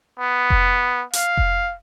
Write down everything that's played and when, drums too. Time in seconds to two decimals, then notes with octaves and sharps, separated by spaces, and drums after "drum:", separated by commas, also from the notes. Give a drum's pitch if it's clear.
0.20 B3
0.50 drum: kick F1
1.13 F5, drum: hi-hat
1.37 drum: kick F1